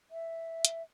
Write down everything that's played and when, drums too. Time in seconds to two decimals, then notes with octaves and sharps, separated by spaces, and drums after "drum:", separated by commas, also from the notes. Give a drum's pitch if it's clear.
0.11 E5
0.65 drum: hi-hat